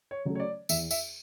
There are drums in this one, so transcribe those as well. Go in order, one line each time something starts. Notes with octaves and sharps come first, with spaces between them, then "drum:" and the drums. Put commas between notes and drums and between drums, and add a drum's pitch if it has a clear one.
C#5
C#3 F#3 A3 C#4
C#5
D5
E2 E5, drum: tambourine
E5, drum: tambourine